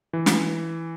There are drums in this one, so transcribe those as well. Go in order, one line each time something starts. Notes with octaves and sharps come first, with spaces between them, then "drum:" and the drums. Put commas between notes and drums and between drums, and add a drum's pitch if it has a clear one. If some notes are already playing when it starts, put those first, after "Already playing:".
E3
drum: snare